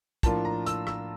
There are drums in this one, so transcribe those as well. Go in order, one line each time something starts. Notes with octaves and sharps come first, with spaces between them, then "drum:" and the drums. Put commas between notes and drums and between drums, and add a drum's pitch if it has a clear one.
A2 F3 A#3 D4 F4 A5, drum: kick, hi-hat
A#5
E6, drum: hi-hat
E6, drum: rim click